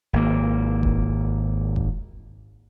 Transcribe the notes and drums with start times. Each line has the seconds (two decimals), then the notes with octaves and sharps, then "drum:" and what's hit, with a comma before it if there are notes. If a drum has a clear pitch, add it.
0.13 G#1 A#3
0.83 drum: kick F1
1.76 drum: kick F1